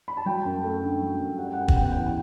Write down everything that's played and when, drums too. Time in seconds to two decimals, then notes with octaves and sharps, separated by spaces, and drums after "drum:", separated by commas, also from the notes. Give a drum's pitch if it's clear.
0.08 B5
0.17 A5
0.26 F#3 G5
0.45 F#2
0.63 A3
0.82 D3
1.01 F#3
1.19 F#2
1.38 G3 F#5
1.47 G5
1.53 F#5
1.57 F#2 G5
1.68 F#5, drum: kick
1.76 B3 G5
1.84 F#5
1.92 G5
1.95 E3 F#5
2.06 G5